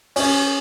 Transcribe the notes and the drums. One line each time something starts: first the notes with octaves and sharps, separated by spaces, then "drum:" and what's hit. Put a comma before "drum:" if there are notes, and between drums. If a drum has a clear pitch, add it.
C#4, drum: open hi-hat